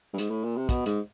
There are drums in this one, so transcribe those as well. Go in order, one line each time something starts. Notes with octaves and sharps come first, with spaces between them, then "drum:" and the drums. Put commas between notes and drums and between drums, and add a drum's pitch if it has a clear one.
G2
G#2, drum: hi-hat
A2
A#2
C3
B2, drum: kick, hi-hat
G#2, drum: hi-hat